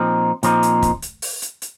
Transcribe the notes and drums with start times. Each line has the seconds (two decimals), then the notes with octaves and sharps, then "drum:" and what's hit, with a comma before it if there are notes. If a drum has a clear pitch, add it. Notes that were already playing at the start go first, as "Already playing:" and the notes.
Already playing: A#2 F3 C4 D#4
0.43 A#2 F3 C4 D#4, drum: hi-hat
0.63 drum: hi-hat
0.82 drum: kick, hi-hat
1.02 drum: hi-hat
1.22 drum: open hi-hat
1.42 drum: hi-hat
1.62 drum: hi-hat